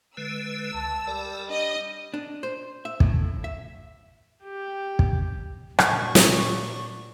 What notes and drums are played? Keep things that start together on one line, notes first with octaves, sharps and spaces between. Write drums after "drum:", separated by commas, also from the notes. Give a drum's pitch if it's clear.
D3 G#3 B4 E6
C#2 A5
G3 A#4 D5
D4 D#5
D4
C5
E5
A2, drum: kick
E5
G4
drum: kick
A#2 D4 F#4 C#6, drum: rim click
drum: snare